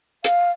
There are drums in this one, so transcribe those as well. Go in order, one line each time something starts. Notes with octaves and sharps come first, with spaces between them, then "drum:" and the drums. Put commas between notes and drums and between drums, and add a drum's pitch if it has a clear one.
F5, drum: hi-hat